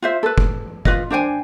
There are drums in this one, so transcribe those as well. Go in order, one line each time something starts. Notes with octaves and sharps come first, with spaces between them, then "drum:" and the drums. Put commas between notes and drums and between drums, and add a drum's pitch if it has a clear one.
F4 C5 E5
A4 B4
drum: kick
F4 B4 D#5, drum: kick
D4 C5 G5 G#5